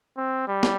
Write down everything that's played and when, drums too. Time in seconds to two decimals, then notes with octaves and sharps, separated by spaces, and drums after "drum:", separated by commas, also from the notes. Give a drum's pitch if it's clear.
0.17 C4
0.48 G3
0.63 drum: snare